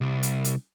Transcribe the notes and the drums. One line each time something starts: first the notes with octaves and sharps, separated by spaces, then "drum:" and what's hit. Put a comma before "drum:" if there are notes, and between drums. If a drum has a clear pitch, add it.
C2
drum: hi-hat
drum: hi-hat